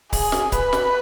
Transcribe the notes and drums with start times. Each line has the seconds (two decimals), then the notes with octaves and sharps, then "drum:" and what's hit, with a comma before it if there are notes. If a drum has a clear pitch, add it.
0.13 G#4, drum: kick C#1, open hi-hat
0.32 drum: snare
0.52 B4, drum: kick C#1, hi-hat
0.73 drum: snare